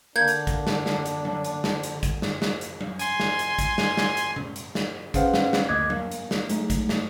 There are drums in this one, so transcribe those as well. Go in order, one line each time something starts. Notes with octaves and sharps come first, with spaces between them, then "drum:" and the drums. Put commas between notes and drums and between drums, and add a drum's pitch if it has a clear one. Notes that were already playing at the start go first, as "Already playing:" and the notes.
D3 A#3 D4 G6 G#6
drum: hi-hat
drum: kick, hi-hat
drum: snare
drum: snare
drum: hi-hat
drum: tom F#3
drum: hi-hat
drum: snare
drum: hi-hat
drum: kick, hi-hat
drum: snare
drum: snare
drum: hi-hat
drum: tom F#3
G#5 C6, drum: hi-hat
drum: snare
drum: hi-hat
drum: kick, hi-hat
drum: snare
drum: snare
drum: hi-hat
drum: tom B2
drum: hi-hat
drum: snare
C#4 G#4 B4 C5 F5 F#5, drum: kick, hi-hat
drum: snare
drum: snare
D2 A#3 D#5 D6 F#6 G#6
A#3, drum: tom F#3
drum: hi-hat
drum: snare
F#3 G#3 A3 D#4, drum: hi-hat
drum: kick, hi-hat
drum: snare